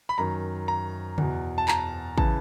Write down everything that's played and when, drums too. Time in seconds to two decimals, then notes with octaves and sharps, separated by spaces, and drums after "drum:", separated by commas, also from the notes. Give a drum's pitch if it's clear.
0.09 B5
0.18 F#2 D#3 A#5
0.68 A#5
1.18 E2 B2, drum: tom C#3
1.58 A5
1.68 A#5, drum: clap
2.18 C#3 E3 A5, drum: kick A1